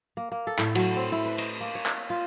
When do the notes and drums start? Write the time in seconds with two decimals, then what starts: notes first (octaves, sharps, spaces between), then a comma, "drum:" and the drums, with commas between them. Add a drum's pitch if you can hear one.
0.17 A#3
0.32 A#3
0.47 A4
0.59 A2, drum: clap
0.75 F#3, drum: cymbal
0.97 C4
1.12 E4
1.25 B4
1.38 D#5, drum: cymbal
1.61 A#3
1.75 C#5
1.86 drum: clap
2.10 F4